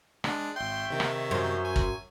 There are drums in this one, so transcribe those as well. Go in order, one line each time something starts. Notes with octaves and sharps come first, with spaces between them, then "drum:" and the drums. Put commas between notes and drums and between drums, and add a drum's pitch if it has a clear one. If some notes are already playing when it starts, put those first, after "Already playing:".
G#3 D4, drum: rim click
G#1 C#5 E5 G5 C6
C3 D#3
drum: rim click
F#2 C5
G#5
drum: kick